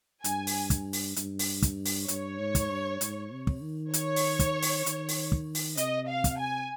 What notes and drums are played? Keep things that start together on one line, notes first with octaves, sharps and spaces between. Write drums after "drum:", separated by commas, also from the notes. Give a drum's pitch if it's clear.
G2 G#5, drum: hi-hat
drum: open hi-hat
drum: kick, hi-hat
drum: open hi-hat
G2, drum: hi-hat
drum: open hi-hat
drum: kick, hi-hat
drum: open hi-hat
G2 C#5, drum: hi-hat
G#2
drum: kick, hi-hat
G2
G#2, drum: hi-hat
C3
drum: kick
D#3
C#5, drum: hi-hat
drum: open hi-hat
drum: kick, hi-hat
drum: open hi-hat
D#3, drum: hi-hat
drum: open hi-hat
drum: kick
drum: open hi-hat
C3 D#5, drum: hi-hat
F5
drum: kick, hi-hat
G#5